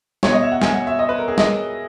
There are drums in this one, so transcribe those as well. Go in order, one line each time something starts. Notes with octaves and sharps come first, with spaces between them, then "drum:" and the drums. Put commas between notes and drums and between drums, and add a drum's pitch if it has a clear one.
B2 C#5, drum: snare
D#5
E5
F#5
G#5, drum: snare
F#5
E5
D#5
B4
A#4
G#4
D#5, drum: snare